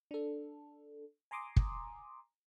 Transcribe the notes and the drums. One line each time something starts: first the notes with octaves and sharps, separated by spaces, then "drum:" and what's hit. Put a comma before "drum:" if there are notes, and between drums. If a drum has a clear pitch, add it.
D4 A4
G#5 A#5 C6 D6 D#6
drum: kick